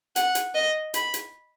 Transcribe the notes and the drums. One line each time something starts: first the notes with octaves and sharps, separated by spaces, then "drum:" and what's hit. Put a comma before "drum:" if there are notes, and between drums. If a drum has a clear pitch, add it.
F#5, drum: hi-hat
drum: hi-hat
D#5
B5, drum: hi-hat
drum: hi-hat